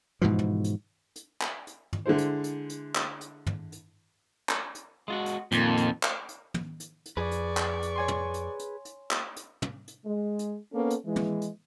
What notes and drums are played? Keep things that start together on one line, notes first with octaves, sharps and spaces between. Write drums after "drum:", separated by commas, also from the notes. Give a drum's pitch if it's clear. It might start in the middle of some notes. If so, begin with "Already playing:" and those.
G#2 B2 E3 F3
drum: tom
drum: hi-hat
drum: hi-hat
drum: clap
drum: hi-hat
drum: tom
D3 G#3 E4 C5
drum: hi-hat
drum: hi-hat
drum: hi-hat
drum: clap
drum: hi-hat
drum: tom
drum: hi-hat
drum: clap
drum: hi-hat
G#3 F4 F#4
drum: hi-hat
F2 A#2 D#3, drum: hi-hat
drum: hi-hat
drum: clap
drum: hi-hat
drum: tom
drum: hi-hat
drum: hi-hat
F2 G#4 B4 D5 C#6
drum: hi-hat
drum: clap
drum: hi-hat
C#5 G#5 C6
drum: tom
drum: hi-hat
drum: hi-hat
drum: hi-hat
drum: clap
drum: hi-hat
drum: tom
drum: hi-hat
G#3
drum: hi-hat
A#3 B3 C#4 A4
drum: hi-hat
E3 G#3
drum: tom
drum: hi-hat